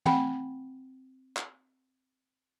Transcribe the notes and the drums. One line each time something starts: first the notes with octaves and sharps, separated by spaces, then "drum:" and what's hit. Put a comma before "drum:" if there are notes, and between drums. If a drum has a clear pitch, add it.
C4 F#5 G5 B5, drum: tom
drum: clap